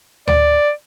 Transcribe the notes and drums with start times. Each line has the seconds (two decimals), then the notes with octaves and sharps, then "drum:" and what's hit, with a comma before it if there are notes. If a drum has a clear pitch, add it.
0.27 D5, drum: tom D2